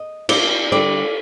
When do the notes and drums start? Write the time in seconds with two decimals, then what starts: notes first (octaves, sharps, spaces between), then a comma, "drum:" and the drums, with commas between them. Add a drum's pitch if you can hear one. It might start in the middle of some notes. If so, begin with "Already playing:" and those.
Already playing: D#5
0.29 D5, drum: cymbal
0.72 D3 G3 D5